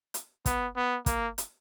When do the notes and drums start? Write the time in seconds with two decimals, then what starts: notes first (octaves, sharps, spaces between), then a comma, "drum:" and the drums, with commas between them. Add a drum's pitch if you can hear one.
0.14 drum: hi-hat
0.46 B3, drum: kick, hi-hat
0.76 B3
1.06 A#3, drum: kick, hi-hat
1.38 drum: hi-hat